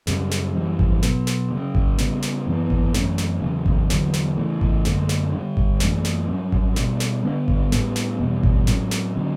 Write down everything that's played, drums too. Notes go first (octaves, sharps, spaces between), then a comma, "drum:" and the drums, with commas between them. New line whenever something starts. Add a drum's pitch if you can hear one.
F#2 C#3 G3, drum: snare
drum: snare
F#2 E3 G3
drum: kick G#1
B2 F#3 B3, drum: snare
drum: snare
C#3 F#3 C#4
drum: kick G#1
C#3 G3 B3, drum: snare
drum: snare
F#2 E3 B3
drum: kick G#1
F#2 E3 A3 C#4, drum: snare
drum: snare
E2 C#3 F#3
drum: kick G#1
E2 D3 F#3, drum: snare
drum: snare
C#3 E3 A3
drum: kick G#1
F#2 D3 A3, drum: snare
drum: snare
D3 G3 D4
drum: kick G#1
F#2 E3 A3 D4, drum: snare
drum: snare
G2 F#3 C#4
drum: kick G#1
B2 G3 D4, drum: snare
drum: snare
D3 G3 B3 D4
drum: kick G#1
A2 G3 B3, drum: snare
drum: snare
E2 B2 G3
drum: kick G#1
A2 F#3 C#4, drum: snare
drum: snare
D3 F#3 C#4